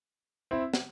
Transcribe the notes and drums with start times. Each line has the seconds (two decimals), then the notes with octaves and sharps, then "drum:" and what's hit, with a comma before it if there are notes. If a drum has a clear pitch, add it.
0.51 C4 E4
0.74 drum: snare